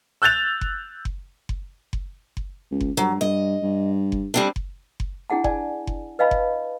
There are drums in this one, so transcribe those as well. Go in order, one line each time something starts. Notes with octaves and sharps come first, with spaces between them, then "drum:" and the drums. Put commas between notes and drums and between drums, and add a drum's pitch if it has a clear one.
E6 F#6 G6 A6 F7
drum: kick F#1
drum: kick F#1
drum: kick F#1
drum: kick F#1
drum: kick F#1
C#2
drum: kick F#1
G2 F#3
G2 D#5
G2
drum: kick F#1
G3 C4 D4
drum: kick F#1
drum: kick F#1
D4 E4 G#4 F#5 A5
D5 G#5 A5, drum: kick F#1
drum: kick F#1
B4 D#5 F5 A5 B5
drum: kick F#1